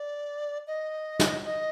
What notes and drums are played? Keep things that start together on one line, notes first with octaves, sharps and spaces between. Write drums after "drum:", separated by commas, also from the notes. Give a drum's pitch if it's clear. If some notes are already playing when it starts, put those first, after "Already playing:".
Already playing: D5
D#5
drum: snare
D#5